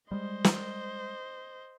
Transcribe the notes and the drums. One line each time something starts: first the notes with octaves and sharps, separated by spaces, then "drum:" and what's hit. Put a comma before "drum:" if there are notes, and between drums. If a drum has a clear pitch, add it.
G3 G#3 C5 D#5
drum: snare